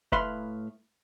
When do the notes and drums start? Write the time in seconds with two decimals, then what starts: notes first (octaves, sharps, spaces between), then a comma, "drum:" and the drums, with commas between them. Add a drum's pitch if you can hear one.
0.12 A2 B4 E5 F5 B5 C6, drum: kick